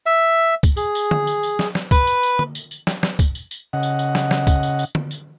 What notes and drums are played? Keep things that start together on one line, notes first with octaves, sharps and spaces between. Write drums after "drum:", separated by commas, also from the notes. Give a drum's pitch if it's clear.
E5
drum: kick, tambourine
G#4, drum: tambourine
drum: tambourine
drum: tom D3
drum: tambourine
drum: tambourine
drum: snare
drum: snare
B4, drum: kick, tambourine
drum: tambourine
drum: tambourine
drum: tom D3
drum: tambourine
drum: tambourine
drum: snare
drum: snare
drum: kick, tambourine
drum: tambourine
drum: tambourine
C#3 D#5 F#5
drum: tambourine
drum: tambourine
drum: snare
drum: snare
drum: kick, tambourine
drum: tambourine
drum: tambourine
drum: tom D3
drum: tambourine